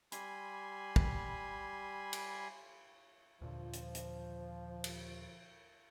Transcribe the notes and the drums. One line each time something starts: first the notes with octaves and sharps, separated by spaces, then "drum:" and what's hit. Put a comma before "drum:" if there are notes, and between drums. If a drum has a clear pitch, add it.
G3 G#5 B5 C6, drum: hi-hat
drum: kick
drum: cymbal
D#2 A#2 D3 F3
drum: hi-hat
drum: hi-hat
drum: cymbal